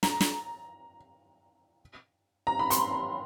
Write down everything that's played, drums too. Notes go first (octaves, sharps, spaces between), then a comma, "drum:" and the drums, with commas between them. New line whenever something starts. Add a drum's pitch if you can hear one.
A#5, drum: snare
drum: snare
A#5
B5
C6, drum: hi-hat